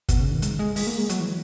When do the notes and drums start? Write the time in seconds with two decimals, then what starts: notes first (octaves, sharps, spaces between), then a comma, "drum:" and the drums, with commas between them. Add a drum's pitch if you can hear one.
0.09 B2, drum: kick, hi-hat
0.20 C#3
0.31 D#3
0.42 G#3, drum: hi-hat
0.59 G#3
0.76 G#3, drum: open hi-hat
0.87 A#3
0.98 G#3
1.10 F#3, drum: hi-hat
1.21 E3